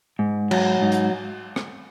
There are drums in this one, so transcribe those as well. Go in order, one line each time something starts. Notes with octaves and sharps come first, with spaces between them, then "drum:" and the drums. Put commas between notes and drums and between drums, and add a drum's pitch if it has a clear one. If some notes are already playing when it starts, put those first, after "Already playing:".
G#2
F#3, drum: cymbal
G#2
drum: hi-hat
drum: rim click